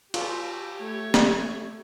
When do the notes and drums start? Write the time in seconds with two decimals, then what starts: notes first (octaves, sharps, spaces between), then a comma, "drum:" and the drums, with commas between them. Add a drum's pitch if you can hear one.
0.14 F4 G4, drum: cymbal
0.80 A3 C#5
1.14 drum: snare